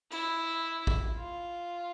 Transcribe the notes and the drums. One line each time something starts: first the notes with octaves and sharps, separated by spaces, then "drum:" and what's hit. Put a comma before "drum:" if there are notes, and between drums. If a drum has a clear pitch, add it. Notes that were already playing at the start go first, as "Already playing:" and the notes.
E4, drum: cymbal
drum: kick
F4